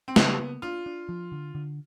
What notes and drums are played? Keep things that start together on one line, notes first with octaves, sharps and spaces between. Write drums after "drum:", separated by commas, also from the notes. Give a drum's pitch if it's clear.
C4
C#3 B3, drum: snare
A#3
D4 F4
D4
F3
D3
D3